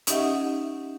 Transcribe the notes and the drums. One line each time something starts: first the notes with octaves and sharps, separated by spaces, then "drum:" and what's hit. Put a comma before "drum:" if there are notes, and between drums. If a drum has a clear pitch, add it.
C#4 D#4 G4 D#5 E5 F#5, drum: hi-hat